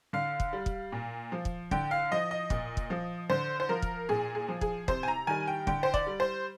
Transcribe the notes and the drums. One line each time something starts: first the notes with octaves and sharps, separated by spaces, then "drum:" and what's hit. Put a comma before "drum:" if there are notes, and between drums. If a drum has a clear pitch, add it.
D3 F5
drum: kick
G3
drum: kick
A#2
F3
drum: kick
D3 G5, drum: kick
F5
F3 D#5
D#5
A#2, drum: kick
drum: kick
F3
D3 C5
C5
F3 A#4
drum: kick
A#2 G#4
G#4
F3
G#4, drum: kick
C3 C5, drum: kick
G#5
A#5
D#3 G3 G#5
G5
D3 G5, drum: kick
C5
D5, drum: kick
G3
C5